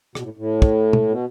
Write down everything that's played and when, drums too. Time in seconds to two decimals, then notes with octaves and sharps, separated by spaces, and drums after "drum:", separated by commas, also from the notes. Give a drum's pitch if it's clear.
0.15 B2, drum: rim click
0.22 A2
0.37 A2
0.62 drum: kick
0.93 drum: tom
1.09 B2